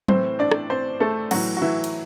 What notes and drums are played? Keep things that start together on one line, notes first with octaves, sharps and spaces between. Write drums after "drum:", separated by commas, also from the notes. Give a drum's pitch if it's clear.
A2 E3 C4 C5, drum: tom F#3
D4 D5
drum: rim click
C4 C5
A3 A4
A2 E3 F#3 F#4, drum: cymbal
F#4
E3 E4
drum: cymbal